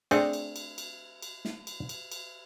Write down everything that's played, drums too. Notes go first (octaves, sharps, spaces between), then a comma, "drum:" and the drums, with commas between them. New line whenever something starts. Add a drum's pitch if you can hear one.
A3 C4 D4 G#4 A4, drum: cymbal
drum: cymbal
drum: cymbal
drum: cymbal
drum: cymbal
drum: snare
drum: cymbal
drum: cymbal
drum: cymbal